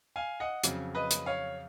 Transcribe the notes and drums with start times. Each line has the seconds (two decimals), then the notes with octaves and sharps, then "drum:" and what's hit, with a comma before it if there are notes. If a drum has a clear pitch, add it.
0.16 F5 G#5
0.40 D#5 F#5
0.64 F2 C#3 F#3, drum: hi-hat
0.95 B4 D#5
1.11 drum: hi-hat
1.26 C#5 F5